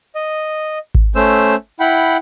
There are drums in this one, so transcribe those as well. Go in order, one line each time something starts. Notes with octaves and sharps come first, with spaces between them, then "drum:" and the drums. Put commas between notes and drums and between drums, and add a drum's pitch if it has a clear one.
D#5
drum: kick G#1
A3 C#4 C5 E6
E4 F#5 G5 B5